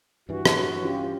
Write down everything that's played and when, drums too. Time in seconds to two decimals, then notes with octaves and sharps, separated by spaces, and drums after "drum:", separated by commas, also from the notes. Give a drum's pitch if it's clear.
0.29 G2 E3 F#4
0.45 drum: rim click
0.84 C#4 F4 G4